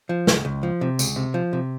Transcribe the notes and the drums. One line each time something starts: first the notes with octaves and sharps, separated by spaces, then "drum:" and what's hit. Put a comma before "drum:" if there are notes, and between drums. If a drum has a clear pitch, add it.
F3
C#2, drum: snare
C#2
F3
C3
C#2, drum: tambourine
C3
F3
C3